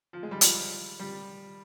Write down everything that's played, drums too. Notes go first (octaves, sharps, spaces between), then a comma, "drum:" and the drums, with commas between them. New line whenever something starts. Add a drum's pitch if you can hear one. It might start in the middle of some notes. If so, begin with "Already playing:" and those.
F3
G#3
G3
F3, drum: hi-hat
G3